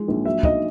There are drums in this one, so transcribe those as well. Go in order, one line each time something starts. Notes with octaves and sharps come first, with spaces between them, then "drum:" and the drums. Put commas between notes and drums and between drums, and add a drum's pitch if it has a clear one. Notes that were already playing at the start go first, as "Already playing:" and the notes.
Already playing: F3 G#3
A#1
F#3 E5
B1 D#5, drum: kick